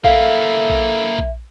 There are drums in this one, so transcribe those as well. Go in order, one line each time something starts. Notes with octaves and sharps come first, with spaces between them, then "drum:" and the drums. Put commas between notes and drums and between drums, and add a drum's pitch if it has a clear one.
A#3 E4 A4 E5 F5, drum: kick A#1
drum: kick A#1
drum: kick A#1